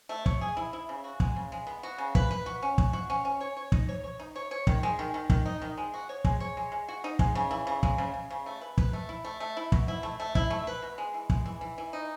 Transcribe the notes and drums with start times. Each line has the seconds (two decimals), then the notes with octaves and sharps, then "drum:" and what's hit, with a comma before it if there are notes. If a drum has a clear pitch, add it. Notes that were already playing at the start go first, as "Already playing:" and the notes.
0.09 A3
0.26 C#5, drum: kick
0.41 G#4
0.57 E4
0.73 E4
0.89 C#3
1.04 F#4
1.20 G#3, drum: kick
1.36 C#3
1.52 G#3
1.67 B3
1.83 F#4
1.98 C#3
2.15 B4, drum: kick
2.31 B4
2.46 F#4
2.62 C#4
2.78 F#4, drum: kick
2.93 F#4
3.10 C#4
3.25 C#4
3.41 C#5
3.57 C#5
3.72 D#4, drum: kick
3.89 C#5
4.04 C#5
4.20 D#4
4.36 C#5
4.51 C#5
4.67 D#3, drum: kick
4.83 G#3
4.99 D#3
5.14 D#3
5.30 D#3, drum: kick
5.45 D#4
5.62 D#3
5.77 G#3
5.94 F#4
6.09 C#5
6.25 G#3, drum: kick
6.40 C#5
6.57 G#3
6.72 G#3
6.88 F#4
7.04 D#4
7.19 G#3, drum: kick
7.35 C#3
7.51 E3
7.67 C#3
7.83 G#3, drum: kick
7.98 C#3
8.14 C#3
8.30 C#3
8.46 A3
8.61 B4
8.78 B4, drum: kick
8.93 A3
9.09 E4
9.25 A3
9.40 A3
9.57 E4
9.72 B2, drum: kick
9.88 E4
10.03 A3
10.20 A3
10.35 E4, drum: kick
10.50 A3
10.67 B4
10.83 B2
10.98 G#3
11.14 E3
11.30 G#3, drum: kick
11.46 E3
11.61 E3
11.78 E3
11.93 D#4